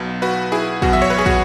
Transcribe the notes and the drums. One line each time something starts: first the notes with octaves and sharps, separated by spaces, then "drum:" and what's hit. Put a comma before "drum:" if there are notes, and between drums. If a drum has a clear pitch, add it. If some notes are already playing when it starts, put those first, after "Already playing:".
Already playing: B1 B2 F#3
F#4 B4
E4 G#4
E2 B2 F#3 F#4, drum: kick
E5
C#5
B4
G#4
F#4, drum: kick